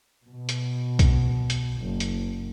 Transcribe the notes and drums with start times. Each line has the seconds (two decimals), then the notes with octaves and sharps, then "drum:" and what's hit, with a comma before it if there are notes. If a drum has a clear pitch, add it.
0.23 B2
0.49 drum: hi-hat
0.99 drum: kick, hi-hat
1.50 drum: hi-hat
1.81 F#1
2.00 drum: hi-hat